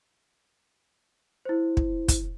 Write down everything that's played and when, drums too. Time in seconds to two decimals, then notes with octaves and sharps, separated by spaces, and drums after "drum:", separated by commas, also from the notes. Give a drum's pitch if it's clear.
1.45 E4 C5
1.77 drum: kick
2.08 drum: kick, hi-hat